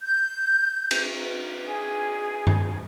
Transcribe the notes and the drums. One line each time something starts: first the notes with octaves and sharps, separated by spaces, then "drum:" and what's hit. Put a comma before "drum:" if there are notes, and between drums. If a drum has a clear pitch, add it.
G6
drum: cymbal
G#4
drum: tom G2